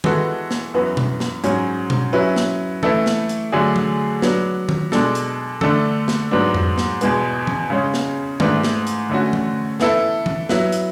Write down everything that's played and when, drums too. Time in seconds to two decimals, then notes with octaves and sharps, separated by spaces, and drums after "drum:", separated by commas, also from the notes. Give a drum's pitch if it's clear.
0.04 E3 G#3 B3 F#4 A4, drum: tom D#3
0.51 drum: snare
0.74 F#2 E3 B3 F#4
0.97 drum: tom B2
1.20 drum: snare
1.44 G#2 F#3 C#4, drum: hi-hat
1.90 drum: tom B2
2.13 F#3 C#4 E4 B4
2.36 drum: snare
2.83 E3 A3 E4 A4, drum: tom E3
3.06 drum: snare
3.29 drum: hi-hat
3.52 D3 F#3 A3 D4 G#4
3.76 drum: tom E3
4.22 F#3 B3 D4, drum: snare
4.69 drum: tom D#3
4.92 B2 G#3 D4 A4, drum: snare
5.15 drum: hi-hat
5.61 D3 A3 D4 A4, drum: tom E3
6.08 drum: snare
6.31 G#2 F#3 B3 D4
6.54 drum: tom F2
6.78 drum: snare
7.01 E2 B2 G#3 B3, drum: hi-hat
7.47 drum: tom E3
7.70 C#3 G#3 C#4
7.94 drum: snare
8.40 G#2 E3 A3 D4, drum: tom D#3
8.63 drum: snare
8.87 drum: hi-hat
9.09 D3 A3 C#4 F#4
9.33 drum: tom E3
9.80 E3 B3 E4 A4, drum: snare
10.26 drum: tom E3
10.49 F#3 B3 E4 B4, drum: snare
10.72 drum: hi-hat